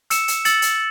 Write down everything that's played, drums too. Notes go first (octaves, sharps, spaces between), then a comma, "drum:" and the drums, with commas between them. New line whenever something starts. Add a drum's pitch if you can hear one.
E6 C#7 E7, drum: hi-hat
drum: hi-hat
E6 A6 C#7 F#7, drum: hi-hat
drum: hi-hat